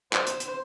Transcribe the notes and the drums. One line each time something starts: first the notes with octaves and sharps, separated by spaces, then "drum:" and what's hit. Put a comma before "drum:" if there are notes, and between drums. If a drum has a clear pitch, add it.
C5, drum: clap
drum: hi-hat
drum: hi-hat